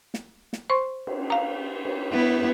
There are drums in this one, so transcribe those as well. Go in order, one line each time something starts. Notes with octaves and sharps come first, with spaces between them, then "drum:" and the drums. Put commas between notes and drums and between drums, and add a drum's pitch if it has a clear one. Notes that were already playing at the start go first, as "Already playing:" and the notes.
drum: snare
drum: snare
C5 C6 C#6
drum: cymbal
F5 A#5
drum: cymbal
B3 E4